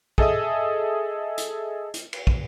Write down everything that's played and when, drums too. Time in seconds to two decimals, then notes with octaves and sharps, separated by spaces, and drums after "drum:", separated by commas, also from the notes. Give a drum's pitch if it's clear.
0.18 G#4 A4 D#5 E5 D#6, drum: kick
1.38 drum: hi-hat
1.94 drum: hi-hat
2.13 drum: cymbal
2.27 drum: kick